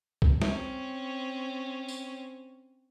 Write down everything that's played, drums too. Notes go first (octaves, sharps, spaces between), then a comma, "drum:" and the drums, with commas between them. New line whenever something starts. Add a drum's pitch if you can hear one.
drum: kick B1
C4 C#4, drum: snare
drum: tambourine